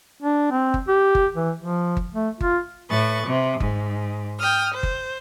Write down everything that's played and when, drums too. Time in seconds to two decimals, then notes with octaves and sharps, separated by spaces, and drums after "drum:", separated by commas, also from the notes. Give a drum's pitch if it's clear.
0.22 D4
0.51 C4
0.74 drum: kick G1
0.88 G4
1.15 drum: kick G1
1.35 E3
1.61 F3
1.97 drum: kick G1
2.13 A3
2.41 F4, drum: kick G1
2.89 A2 B4 C#6 A6
3.27 C3
3.60 G#2, drum: kick G1
4.38 G5 D#6 F6
4.73 C5
4.83 drum: kick G1